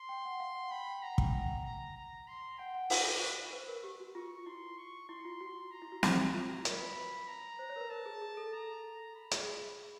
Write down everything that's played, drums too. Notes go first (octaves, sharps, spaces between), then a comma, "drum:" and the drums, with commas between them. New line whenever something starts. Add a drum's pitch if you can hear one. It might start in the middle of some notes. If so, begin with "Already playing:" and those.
Already playing: C6
G5
F#5
F5
F#5
G5 B5
G5
F#5 A#5
G5, drum: kick
F#5
A#5
A#5
C6
F#5 G5
F#5
C5, drum: open hi-hat
C5 B5
B4
A#4
G4
F#4
F4 C#6
E4 C6
C#6
E4 C6
F4
F#4
A#5
E4
F#4
F4 A#5, drum: snare
E4
F4
F#4
A#4 B5, drum: hi-hat
B4
A#5
C5
C#5
A#4
B4
A#4 A5
G#4
G#4
A4
A4 A#5
B5
G#4, drum: hi-hat
G#4